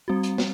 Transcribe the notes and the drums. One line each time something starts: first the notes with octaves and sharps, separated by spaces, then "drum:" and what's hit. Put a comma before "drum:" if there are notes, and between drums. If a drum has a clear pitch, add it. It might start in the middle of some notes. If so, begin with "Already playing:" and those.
G3 C4 F#4
drum: hi-hat
drum: snare